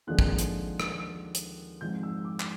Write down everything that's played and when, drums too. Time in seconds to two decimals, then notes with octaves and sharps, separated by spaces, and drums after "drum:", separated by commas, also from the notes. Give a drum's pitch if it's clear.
0.07 D#2 D3 F3 G#3 C4 F#6
0.19 drum: kick
0.39 drum: hi-hat
0.80 drum: rim click
1.35 drum: hi-hat
1.81 G#2 F3 G#3 C4 G6
2.03 E6
2.25 D6
2.40 D6, drum: clap